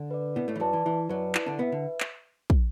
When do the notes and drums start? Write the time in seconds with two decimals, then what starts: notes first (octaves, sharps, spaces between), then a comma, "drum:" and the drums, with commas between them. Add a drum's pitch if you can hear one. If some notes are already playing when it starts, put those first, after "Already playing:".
Already playing: D3 D4
0.11 B4 D5
0.36 B2 B3 E4
0.48 A2 A3
0.56 E3
0.60 F#2 F#3 B4 D5 A5
0.73 E3
0.85 E3 E4
1.09 F#2 F#3 B4 D5 A5
1.35 E4, drum: clap
1.46 D3 D4
1.59 B2 B3 B4 E5
1.72 D3
2.00 drum: clap
2.50 drum: kick